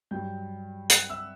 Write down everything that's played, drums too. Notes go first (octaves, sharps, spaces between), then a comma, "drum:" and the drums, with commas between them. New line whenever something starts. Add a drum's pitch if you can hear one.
G2 F#3 G5 G6
F#5 F#6, drum: hi-hat
E5 E6